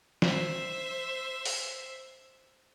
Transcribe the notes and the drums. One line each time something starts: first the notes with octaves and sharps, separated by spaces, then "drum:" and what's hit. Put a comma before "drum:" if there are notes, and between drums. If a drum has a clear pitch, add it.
C5 E5, drum: snare
drum: open hi-hat